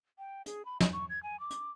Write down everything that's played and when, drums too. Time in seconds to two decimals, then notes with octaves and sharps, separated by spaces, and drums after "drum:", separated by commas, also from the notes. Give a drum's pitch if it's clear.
0.18 G5
0.46 G#4, drum: hi-hat
0.65 B5
0.80 D#5, drum: snare
0.93 C#6
1.10 G#6
1.23 G#5
1.40 D6
1.51 drum: hi-hat